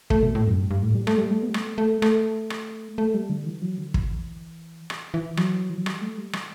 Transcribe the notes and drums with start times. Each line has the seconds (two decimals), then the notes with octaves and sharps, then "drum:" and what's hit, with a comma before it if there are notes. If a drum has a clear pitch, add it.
0.10 A3, drum: kick
0.23 B2
0.35 A2
0.47 F#2
0.59 G2
0.71 G2
0.82 A2
0.95 G3
1.07 A3, drum: rim click
1.18 G3
1.31 A3
1.43 B3
1.50 G3
1.54 A3, drum: rim click
1.78 A3
2.02 A3, drum: rim click
2.50 drum: rim click
2.98 A3
3.14 G3
3.30 D3
3.46 E3
3.62 F#3
3.78 D3
3.94 E3, drum: kick
4.90 drum: rim click
5.14 E3
5.37 F#3, drum: rim click
5.70 E3
5.78 F#3
5.86 G3, drum: rim click
6.01 A3
6.18 G3
6.33 E3, drum: rim click